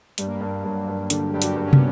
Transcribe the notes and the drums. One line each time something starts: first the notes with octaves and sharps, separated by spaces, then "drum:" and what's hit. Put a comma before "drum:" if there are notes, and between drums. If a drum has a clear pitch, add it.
G2 G3, drum: hi-hat
A#3
G3
G2
G2 F#3
G2
D3 G3, drum: hi-hat
G2 G4
F#4, drum: hi-hat
G2
C#4
B3, drum: tom